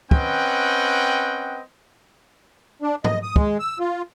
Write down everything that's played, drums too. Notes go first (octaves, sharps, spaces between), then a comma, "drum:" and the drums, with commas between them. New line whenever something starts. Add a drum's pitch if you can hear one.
C4 C#4 B4 D#5 F#5 G5, drum: kick
D4
D#5, drum: tom G#2
D#6
G#3, drum: kick
E6
F4